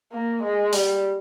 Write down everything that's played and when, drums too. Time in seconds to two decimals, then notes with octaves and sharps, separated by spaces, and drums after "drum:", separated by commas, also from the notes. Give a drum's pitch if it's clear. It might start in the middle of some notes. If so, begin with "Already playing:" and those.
0.12 A#3
0.43 G#3
0.73 G3, drum: open hi-hat